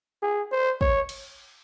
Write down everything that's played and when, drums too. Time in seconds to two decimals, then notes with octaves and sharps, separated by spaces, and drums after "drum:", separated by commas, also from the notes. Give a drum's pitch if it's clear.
0.22 G#4
0.52 C5
0.81 C#5, drum: kick
1.09 drum: cymbal